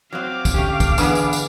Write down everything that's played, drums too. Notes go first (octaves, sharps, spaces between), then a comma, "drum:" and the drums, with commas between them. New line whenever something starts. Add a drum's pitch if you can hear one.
F#3 C4 F5 D6
drum: kick, tambourine
D3 A3 C#4 G4
drum: kick, tambourine
E3 B3 D4 G#4, drum: tambourine
drum: tambourine
drum: tambourine